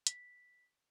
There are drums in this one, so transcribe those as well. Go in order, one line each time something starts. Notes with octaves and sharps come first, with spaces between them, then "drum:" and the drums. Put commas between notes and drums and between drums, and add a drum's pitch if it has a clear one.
B6, drum: hi-hat